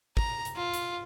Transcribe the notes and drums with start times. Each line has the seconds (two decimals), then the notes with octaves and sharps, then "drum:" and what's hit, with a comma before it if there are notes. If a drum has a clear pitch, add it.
0.17 A#5, drum: kick
0.45 drum: hi-hat
0.56 F4
0.74 drum: hi-hat